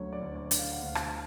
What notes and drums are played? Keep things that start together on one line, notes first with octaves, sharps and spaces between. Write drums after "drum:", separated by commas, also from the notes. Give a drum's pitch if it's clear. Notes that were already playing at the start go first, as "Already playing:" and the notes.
Already playing: D2 D3 F#3 A3 C#5
D5
D2
D5
D3, drum: hi-hat
F5
F#5
D2 F5
drum: rim click